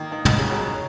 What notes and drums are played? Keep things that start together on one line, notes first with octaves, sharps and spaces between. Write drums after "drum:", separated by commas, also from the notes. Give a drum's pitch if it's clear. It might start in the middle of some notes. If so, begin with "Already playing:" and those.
Already playing: D#3 A#3
D#3
B2, drum: tom
C#3
F#3
C#4